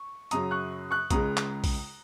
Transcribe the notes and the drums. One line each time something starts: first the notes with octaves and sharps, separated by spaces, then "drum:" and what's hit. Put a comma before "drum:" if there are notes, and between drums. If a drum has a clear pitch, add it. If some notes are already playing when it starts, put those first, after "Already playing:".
Already playing: C#6
F#2 C#3 F#3 A#5 D#6, drum: hi-hat
C#6 F#6
C#6 F#6
C#2 C#3 G#3 A#5 D#6, drum: kick A#1, hi-hat
drum: clap
drum: kick A#1, open hi-hat